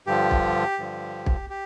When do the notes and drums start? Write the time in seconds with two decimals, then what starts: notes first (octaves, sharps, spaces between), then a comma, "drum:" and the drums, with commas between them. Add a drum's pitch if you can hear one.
0.07 G2 D3 F3 G4
0.31 drum: kick
0.79 G2 D3 F3
1.26 drum: kick
1.50 G4